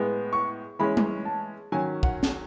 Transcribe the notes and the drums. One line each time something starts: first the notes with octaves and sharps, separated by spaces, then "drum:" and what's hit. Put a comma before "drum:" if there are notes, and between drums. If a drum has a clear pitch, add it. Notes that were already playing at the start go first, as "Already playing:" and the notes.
Already playing: A2 G#3 B3
C#6
E3 G#3 C#4 B5
drum: tom G#3
A5
D#3 F#3 C#4 G#5
F#5, drum: kick
drum: snare